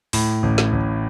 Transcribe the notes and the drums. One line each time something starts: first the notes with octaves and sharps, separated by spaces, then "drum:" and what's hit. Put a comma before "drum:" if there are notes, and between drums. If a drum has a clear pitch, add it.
A2, drum: open hi-hat
A1
drum: snare
A1